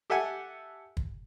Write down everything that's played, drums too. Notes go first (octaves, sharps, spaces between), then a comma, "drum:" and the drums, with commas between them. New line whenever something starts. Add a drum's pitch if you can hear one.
G4 A4 E5 F#5 G#5
drum: kick